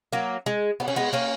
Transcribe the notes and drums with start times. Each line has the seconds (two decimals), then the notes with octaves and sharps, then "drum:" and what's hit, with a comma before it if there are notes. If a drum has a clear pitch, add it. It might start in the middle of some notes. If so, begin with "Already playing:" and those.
0.12 F#3 A#3
0.46 G#3
0.80 B3, drum: cymbal
0.88 C#4
0.96 G#3 B3
1.13 A#3 C#4